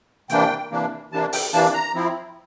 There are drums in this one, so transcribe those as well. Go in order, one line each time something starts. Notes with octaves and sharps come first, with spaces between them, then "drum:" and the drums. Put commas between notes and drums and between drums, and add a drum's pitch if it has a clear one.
C3 E3 A#3 D4 G5, drum: hi-hat
C3 E3 A#3 D4
C3 E3 A#3 D4 A5
G5, drum: open hi-hat
C3 E3 A#3 D4 A5
A#5
F3 C4 E4